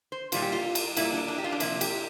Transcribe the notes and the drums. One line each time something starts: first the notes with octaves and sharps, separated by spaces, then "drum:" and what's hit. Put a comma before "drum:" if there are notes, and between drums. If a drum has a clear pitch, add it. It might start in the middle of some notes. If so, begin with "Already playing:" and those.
C5
A#2 G3 A#3 F4, drum: cymbal
G4
F4
drum: cymbal
A#2 G3 A#3 E4, drum: cymbal
D4
D4
G4
F4
D4
C3 F3 A#3 E4, drum: cymbal
G4, drum: cymbal